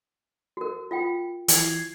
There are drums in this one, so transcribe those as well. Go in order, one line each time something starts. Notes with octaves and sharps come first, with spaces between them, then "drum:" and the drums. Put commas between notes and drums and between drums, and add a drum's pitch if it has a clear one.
F#4 A#4
F4 F5 G5
E3 G#6 C7, drum: hi-hat